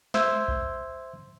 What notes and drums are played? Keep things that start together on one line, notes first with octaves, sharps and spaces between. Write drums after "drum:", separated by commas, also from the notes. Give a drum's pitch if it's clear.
C5 E5 C6 E6 G6 G#6, drum: snare
drum: kick A#1